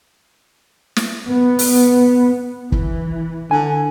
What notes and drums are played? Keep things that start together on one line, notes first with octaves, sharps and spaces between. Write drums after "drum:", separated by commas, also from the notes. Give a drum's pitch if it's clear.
drum: snare
B3
drum: open hi-hat
E3, drum: kick
D3 G#5